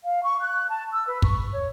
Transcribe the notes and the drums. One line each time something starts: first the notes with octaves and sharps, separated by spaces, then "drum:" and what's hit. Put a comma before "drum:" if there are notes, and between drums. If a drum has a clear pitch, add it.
F5
C#6
F#6
A5
E6
B4
C#6, drum: kick
C#5